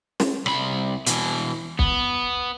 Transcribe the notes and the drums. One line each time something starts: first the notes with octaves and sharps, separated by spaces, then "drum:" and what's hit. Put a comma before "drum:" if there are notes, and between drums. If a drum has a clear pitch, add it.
drum: snare
C2 B5, drum: rim click
B2 E3, drum: hi-hat
B3, drum: kick